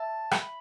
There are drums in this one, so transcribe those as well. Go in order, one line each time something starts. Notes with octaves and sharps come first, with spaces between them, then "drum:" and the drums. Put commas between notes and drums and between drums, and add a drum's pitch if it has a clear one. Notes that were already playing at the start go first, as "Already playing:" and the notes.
Already playing: E5 A5
B5, drum: rim click